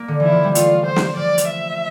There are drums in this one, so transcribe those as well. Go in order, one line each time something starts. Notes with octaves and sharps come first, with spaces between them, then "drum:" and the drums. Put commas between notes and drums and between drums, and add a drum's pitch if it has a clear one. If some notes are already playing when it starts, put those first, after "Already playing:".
Already playing: A#3
D3
E3 E4
F3
G3
A3 F4, drum: hi-hat
C5
drum: snare
F3 D5
drum: hi-hat
E5